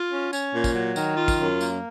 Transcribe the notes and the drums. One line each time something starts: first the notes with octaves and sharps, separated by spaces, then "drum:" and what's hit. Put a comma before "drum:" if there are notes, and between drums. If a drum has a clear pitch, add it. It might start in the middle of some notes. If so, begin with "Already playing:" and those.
Already playing: F4
C#4
C#4, drum: tambourine
A#2
drum: kick, tambourine
F#3
D#3, drum: tambourine
F4
drum: kick, tambourine
F#2
A#3, drum: tambourine